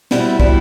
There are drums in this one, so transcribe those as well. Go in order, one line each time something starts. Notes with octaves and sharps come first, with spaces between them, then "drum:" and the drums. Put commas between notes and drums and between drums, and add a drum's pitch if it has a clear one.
B2 G3 C4 E4, drum: snare
B2 G3 C4 E4, drum: kick